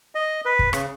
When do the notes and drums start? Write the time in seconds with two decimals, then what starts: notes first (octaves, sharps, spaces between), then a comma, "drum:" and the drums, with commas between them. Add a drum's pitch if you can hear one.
0.15 D#5
0.46 B4
0.59 drum: kick
0.73 C#3, drum: rim click